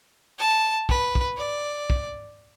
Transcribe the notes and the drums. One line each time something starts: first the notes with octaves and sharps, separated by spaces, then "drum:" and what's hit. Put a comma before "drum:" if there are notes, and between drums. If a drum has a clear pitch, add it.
A5
B4, drum: kick
drum: kick
D5
drum: kick